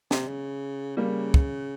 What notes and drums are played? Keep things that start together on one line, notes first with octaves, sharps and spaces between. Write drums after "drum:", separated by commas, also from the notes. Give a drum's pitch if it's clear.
C3, drum: snare
C#3
C#3 G3 A#3
drum: kick